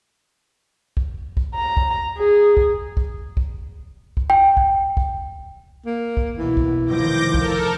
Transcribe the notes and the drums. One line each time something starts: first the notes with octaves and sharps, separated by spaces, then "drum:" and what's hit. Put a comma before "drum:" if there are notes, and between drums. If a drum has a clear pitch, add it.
drum: kick
drum: kick
A#5
drum: kick
G#4
drum: kick
drum: kick
drum: kick
drum: kick
G5
drum: kick
drum: kick
A#3
drum: kick
B1 E3 B3
drum: kick
F1 D#3 F3 D6 G6 A#6
A4 A#4, drum: kick